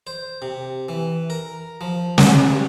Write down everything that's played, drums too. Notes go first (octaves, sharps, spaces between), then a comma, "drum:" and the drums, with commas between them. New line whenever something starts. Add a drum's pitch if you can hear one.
C5
C3
E3
A#4
F3
C#3, drum: snare
G2